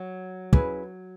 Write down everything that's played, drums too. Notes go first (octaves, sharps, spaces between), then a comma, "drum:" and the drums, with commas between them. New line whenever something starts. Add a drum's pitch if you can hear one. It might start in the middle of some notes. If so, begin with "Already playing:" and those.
Already playing: F#3
C#4 E4 G#4 B4, drum: kick